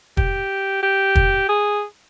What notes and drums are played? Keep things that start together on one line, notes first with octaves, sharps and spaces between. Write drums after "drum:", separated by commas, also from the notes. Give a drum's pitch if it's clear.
G4, drum: kick
G4
drum: kick
G#4